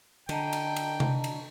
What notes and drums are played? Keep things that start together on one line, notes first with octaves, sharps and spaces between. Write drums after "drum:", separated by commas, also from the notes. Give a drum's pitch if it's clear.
D3 D#5 G5 A5 A#5, drum: cymbal
drum: cymbal
drum: cymbal
drum: tom C3
drum: cymbal